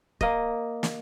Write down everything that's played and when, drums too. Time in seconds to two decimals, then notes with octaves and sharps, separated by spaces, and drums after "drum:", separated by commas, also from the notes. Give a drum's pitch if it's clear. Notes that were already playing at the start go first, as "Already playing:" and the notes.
0.21 A#3 D#5, drum: kick
0.83 drum: snare